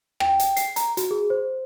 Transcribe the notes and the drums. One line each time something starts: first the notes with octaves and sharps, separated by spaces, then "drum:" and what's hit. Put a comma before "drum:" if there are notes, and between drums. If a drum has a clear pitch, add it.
G5, drum: rim click
drum: hi-hat
C7, drum: hi-hat
A#5, drum: hi-hat
F#4, drum: hi-hat
G#4
C5